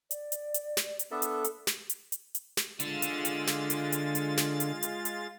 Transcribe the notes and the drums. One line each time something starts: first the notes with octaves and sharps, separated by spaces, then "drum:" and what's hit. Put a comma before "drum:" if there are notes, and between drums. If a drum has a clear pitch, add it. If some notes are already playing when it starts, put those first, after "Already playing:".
D5, drum: hi-hat
drum: hi-hat
drum: hi-hat
drum: snare
drum: hi-hat
B3 D4 A4 A#4 E5
drum: hi-hat
drum: hi-hat
drum: snare
drum: hi-hat
drum: hi-hat
drum: hi-hat
drum: snare
D3 G#3 F4 A6, drum: hi-hat
drum: hi-hat
drum: hi-hat
drum: snare
drum: hi-hat
drum: hi-hat
drum: hi-hat
drum: snare
drum: hi-hat
drum: hi-hat
drum: hi-hat